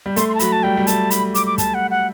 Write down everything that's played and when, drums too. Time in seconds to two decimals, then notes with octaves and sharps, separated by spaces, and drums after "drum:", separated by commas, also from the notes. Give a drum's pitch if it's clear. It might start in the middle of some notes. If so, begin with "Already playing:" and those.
0.06 G3
0.16 A3 C6, drum: hi-hat
0.28 C6
0.35 A5
0.39 F#3 B5, drum: hi-hat
0.52 A5
0.63 G3 G5
0.77 G3
0.87 A3 A5, drum: hi-hat
1.10 B5, drum: hi-hat
1.35 D6, drum: hi-hat
1.46 D6
1.58 A5, drum: kick, hi-hat
1.74 F#5
1.91 F#5